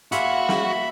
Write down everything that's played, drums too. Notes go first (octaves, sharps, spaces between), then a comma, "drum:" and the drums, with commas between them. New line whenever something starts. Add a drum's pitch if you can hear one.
A#3 F4 F#4 G#4 E5 B5, drum: hi-hat
drum: snare